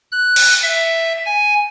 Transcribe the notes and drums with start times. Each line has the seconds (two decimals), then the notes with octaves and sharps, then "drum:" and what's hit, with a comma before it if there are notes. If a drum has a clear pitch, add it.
0.12 F#6
0.36 drum: cymbal
0.63 E5
1.26 G#5